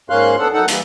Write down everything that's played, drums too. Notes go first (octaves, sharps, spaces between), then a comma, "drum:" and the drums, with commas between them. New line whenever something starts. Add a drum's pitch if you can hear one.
G#2 A#3 C#4 F5 C6 F#6
B3 D4 A4 F#5
F#2 D#4 A4 F#5
E3 G3 A#3, drum: hi-hat